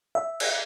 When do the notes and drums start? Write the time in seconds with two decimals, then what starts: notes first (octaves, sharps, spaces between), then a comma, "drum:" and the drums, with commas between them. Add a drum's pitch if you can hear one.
0.15 E5
0.40 drum: cymbal